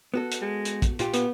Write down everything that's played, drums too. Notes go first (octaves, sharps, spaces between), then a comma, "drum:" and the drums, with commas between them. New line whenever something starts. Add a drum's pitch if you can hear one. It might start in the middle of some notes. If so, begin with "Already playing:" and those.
B3 F#4 A4
drum: hi-hat
G#3
drum: hi-hat
drum: kick, hi-hat
A#2 F4 G4, drum: hi-hat
B3, drum: hi-hat